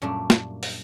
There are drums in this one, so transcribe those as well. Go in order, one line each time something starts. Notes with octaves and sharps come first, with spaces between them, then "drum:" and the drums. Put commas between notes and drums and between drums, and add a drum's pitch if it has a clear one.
F#2 A#2 G3 A3 D4
drum: snare
drum: open hi-hat